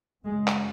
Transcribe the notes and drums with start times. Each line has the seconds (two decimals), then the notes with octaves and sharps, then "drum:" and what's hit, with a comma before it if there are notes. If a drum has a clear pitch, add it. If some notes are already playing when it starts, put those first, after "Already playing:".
0.24 F#2 C#3 G#3
0.47 drum: clap